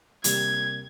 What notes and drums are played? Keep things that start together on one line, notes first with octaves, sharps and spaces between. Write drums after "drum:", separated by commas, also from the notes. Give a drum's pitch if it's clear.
C3 G3 A#3 G#6, drum: hi-hat